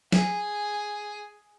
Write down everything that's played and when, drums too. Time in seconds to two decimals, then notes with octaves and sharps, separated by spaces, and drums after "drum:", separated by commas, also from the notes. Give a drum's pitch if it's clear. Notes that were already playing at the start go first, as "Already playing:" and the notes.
0.12 G#4, drum: snare